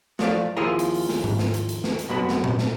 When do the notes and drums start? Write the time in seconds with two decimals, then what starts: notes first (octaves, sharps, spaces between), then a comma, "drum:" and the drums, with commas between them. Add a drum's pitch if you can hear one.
0.19 F3 A3 D5 F5, drum: snare
0.57 D#2 F3 E4 G#4 A#4 A#5
0.79 drum: hi-hat
0.94 drum: open hi-hat
1.09 drum: snare
1.24 drum: tom G#2
1.39 drum: snare
1.54 drum: hi-hat
1.69 drum: hi-hat
1.84 drum: snare
1.99 drum: hi-hat
2.09 C2 F#2 B2 B4
2.29 drum: snare
2.44 drum: tom A#2
2.59 drum: snare